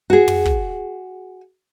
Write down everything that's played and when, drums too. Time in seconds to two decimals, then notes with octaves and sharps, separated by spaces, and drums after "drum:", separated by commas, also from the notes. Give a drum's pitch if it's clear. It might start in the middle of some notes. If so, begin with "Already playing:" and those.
0.10 F#4 G#4
0.28 drum: tom
0.45 drum: kick